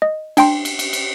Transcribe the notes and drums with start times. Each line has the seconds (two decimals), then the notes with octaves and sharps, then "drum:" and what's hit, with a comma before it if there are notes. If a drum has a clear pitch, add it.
0.02 D#5
0.37 D4 G5 C6, drum: cymbal
0.65 drum: cymbal
0.79 drum: cymbal
0.93 drum: cymbal